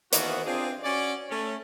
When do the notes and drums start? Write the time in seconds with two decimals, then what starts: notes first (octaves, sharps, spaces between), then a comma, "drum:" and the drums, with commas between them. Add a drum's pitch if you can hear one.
0.13 D#3 E3 A#3 B3 F#4, drum: hi-hat
0.45 C4 D4 F4 G#4
0.83 C#4 F#4 D5
1.29 A3 C#4